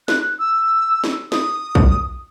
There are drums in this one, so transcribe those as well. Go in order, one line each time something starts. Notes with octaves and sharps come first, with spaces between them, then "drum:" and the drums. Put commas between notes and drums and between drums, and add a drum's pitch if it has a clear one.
F#6, drum: snare
E6
drum: snare
D#6, drum: snare
drum: kick B1